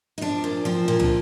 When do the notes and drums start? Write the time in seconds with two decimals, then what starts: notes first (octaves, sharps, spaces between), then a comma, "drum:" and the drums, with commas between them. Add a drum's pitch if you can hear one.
0.18 D#4
0.21 F3 D4
0.44 A#2
0.65 F3 C4
0.88 A#2
1.00 D4, drum: tom